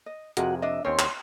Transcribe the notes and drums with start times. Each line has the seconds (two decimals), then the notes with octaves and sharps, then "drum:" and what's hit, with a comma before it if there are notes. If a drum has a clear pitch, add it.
0.06 D#5
0.37 F2 C3 F#4 G#4 A#4 F#5, drum: hi-hat
0.62 D4 D#5 E5
0.85 D#2 C4 C#4 C#5 C6
0.99 drum: clap